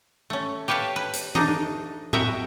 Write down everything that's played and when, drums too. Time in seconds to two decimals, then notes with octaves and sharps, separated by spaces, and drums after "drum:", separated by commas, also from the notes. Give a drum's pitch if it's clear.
0.30 A3 C#4
0.68 G4 B4 C#5 F5 A5
0.96 B4
1.13 drum: hi-hat
1.35 A3 D4 D#4, drum: tom E3
2.13 F#4 A#4 D#5 E5 G5, drum: tom A2